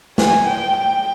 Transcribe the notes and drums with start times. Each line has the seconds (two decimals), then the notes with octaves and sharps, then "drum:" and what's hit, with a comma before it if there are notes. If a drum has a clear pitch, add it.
0.18 G#5, drum: snare
0.47 G5
0.76 G5